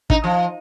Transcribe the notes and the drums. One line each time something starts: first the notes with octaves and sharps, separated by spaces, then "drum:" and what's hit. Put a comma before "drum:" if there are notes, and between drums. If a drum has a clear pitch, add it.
D#4, drum: kick
F3